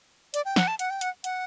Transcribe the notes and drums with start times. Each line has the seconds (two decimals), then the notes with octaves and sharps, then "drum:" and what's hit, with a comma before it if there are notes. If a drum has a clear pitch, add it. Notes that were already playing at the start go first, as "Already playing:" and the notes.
0.34 D5, drum: hi-hat
0.45 G5
0.56 F#5, drum: snare
0.67 A5
0.79 F#5, drum: hi-hat
0.90 G5
1.01 F#5, drum: hi-hat
1.24 F#5, drum: hi-hat